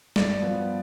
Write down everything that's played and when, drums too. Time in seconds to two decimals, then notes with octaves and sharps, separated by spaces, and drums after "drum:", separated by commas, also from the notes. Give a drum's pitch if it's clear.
0.16 G2 D5, drum: snare
0.42 F3 B3